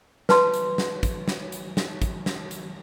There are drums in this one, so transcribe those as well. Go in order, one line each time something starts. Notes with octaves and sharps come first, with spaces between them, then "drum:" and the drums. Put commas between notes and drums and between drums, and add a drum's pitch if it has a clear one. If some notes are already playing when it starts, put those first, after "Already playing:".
B4 A5 C6, drum: snare
drum: hi-hat
drum: snare
drum: kick, hi-hat
drum: snare
drum: hi-hat
drum: snare
drum: kick, hi-hat
drum: snare
drum: hi-hat